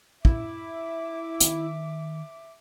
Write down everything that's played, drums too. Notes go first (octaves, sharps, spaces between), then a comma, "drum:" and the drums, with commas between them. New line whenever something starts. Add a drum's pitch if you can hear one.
E4 E5 D6, drum: kick
D#3, drum: hi-hat